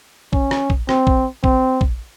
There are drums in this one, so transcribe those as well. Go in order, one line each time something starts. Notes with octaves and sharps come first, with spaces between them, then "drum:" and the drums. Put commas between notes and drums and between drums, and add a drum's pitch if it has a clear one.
C#4, drum: kick A#1
drum: rim click
drum: kick A#1
C4, drum: rim click
drum: kick A#1
C4, drum: kick A#1
drum: kick A#1